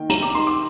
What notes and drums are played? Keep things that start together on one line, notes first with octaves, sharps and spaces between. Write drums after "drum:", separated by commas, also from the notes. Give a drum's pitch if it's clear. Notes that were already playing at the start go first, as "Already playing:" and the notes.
Already playing: D#3 A#3 G5
G3 A#5, drum: hi-hat
D6
D#3 C6
D6